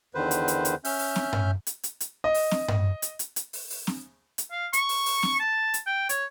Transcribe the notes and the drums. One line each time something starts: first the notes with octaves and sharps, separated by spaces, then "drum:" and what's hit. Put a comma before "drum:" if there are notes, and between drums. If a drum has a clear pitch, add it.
E2 D3 D#3 B4 C5
drum: hi-hat
drum: hi-hat
drum: hi-hat
C#4 E5 F6 G6, drum: open hi-hat
drum: open hi-hat
drum: snare
drum: tom G2
drum: hi-hat
drum: hi-hat
drum: hi-hat
D#5
drum: open hi-hat
drum: snare
drum: tom G2
drum: hi-hat
drum: hi-hat
drum: hi-hat
drum: open hi-hat
drum: open hi-hat
drum: snare
drum: hi-hat
F5
C#6, drum: hi-hat
drum: open hi-hat
drum: open hi-hat
drum: snare
A5
drum: hi-hat
G5
C#5, drum: hi-hat